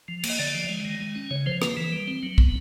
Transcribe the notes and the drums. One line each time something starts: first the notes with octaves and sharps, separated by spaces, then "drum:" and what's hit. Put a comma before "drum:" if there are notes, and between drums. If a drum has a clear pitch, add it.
F3
A#3, drum: cymbal
D#5
D3 D5
F3
G#3
D#3
G#3
C#4
C#3 C#5
F3 C5
A#3 B4, drum: rim click
E3
G3
C4
F#3
B3, drum: kick